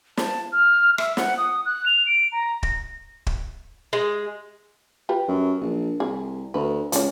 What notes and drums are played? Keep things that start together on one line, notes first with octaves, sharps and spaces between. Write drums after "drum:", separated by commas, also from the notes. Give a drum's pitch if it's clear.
A5, drum: snare
F6
E5, drum: rim click
F#5, drum: snare
D#6
F#6
F7
D7
A#5
A#6, drum: kick
drum: kick
G#3
F4 G4 B4
F#2
A#1
C2 G#4
D2 B4
C#2 F3 C#4, drum: hi-hat